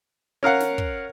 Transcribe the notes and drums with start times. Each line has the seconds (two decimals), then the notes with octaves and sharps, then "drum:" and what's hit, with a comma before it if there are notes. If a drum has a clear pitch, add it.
0.43 C#4 A#4 F5 F#5
0.60 drum: snare
0.78 drum: kick